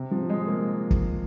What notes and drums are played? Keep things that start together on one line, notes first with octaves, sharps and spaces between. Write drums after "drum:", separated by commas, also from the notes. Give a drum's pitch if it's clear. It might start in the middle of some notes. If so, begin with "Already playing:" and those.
Already playing: C3
F3
G#3
A#3
drum: kick